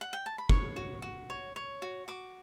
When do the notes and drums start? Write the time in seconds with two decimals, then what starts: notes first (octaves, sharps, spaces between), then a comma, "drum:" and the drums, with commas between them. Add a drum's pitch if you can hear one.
0.01 F#5
0.13 G5
0.26 A5
0.38 B5
0.49 C#5 C#6, drum: kick
0.76 F#4
1.02 F#4
1.30 C#5
1.56 C#5
1.82 F#4
2.08 F#4 D6